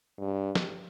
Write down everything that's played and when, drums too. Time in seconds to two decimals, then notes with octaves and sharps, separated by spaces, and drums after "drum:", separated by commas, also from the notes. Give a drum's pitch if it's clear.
0.18 G2
0.55 drum: snare